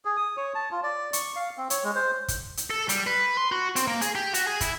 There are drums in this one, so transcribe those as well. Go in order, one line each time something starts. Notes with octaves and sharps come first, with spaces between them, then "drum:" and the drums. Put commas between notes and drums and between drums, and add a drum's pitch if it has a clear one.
G#4
D#6
C#5
A5
F4
D5
C#6, drum: hi-hat
F5
C4
C#5, drum: hi-hat
G#3
C5
drum: kick, hi-hat
drum: hi-hat
A4
G3, drum: hi-hat
B4
C6
F#4
C4, drum: hi-hat
A#3
G#4, drum: hi-hat
G4
F#4, drum: hi-hat
G#4
E4, drum: kick, hi-hat